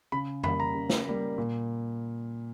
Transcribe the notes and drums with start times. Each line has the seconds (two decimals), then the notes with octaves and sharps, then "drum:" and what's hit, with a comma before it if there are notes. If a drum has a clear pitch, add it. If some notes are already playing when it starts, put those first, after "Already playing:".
0.12 C#3 B5
0.43 G3 A#3 B5, drum: tom F2
0.60 A#5
0.75 C#3
0.90 drum: snare
1.06 G3 A#3
1.38 A#2